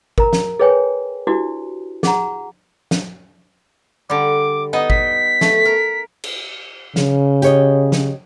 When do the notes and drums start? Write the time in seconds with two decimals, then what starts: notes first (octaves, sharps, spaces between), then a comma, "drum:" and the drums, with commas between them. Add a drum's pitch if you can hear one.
0.18 A#4 A#5, drum: kick
0.33 drum: snare
0.60 G#4 B4 C#5 G5 G#5
1.27 D4 E4 F#4 G4
2.03 G#4 F#5 A#5, drum: snare
2.91 drum: snare
4.10 D3 G3 D6
4.73 B3 D#4 D#5
4.90 B6, drum: kick
5.41 A3, drum: snare
5.65 A#4
6.24 drum: cymbal
6.96 C#3, drum: snare
7.42 G4 C#5 D#5, drum: hi-hat
7.92 drum: snare